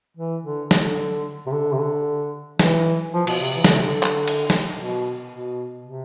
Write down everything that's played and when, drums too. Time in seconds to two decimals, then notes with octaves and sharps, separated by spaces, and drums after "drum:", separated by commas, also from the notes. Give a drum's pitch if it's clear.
0.17 E3
0.44 D3
0.71 D3, drum: snare
1.46 C3
1.52 D3
1.72 C3
1.79 D3
2.59 E3, drum: snare
3.14 F3
3.27 B2, drum: cymbal
3.40 C3
3.54 E3
3.64 D3, drum: snare
3.75 C3
3.85 D3
4.03 drum: clap
4.28 drum: cymbal
4.50 drum: snare
4.75 B2
5.30 B2
5.83 C3